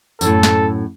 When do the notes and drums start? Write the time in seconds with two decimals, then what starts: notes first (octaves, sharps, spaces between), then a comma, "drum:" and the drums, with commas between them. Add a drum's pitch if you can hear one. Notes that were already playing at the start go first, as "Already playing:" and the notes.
0.21 F#2 A2 A4, drum: tambourine
0.43 drum: snare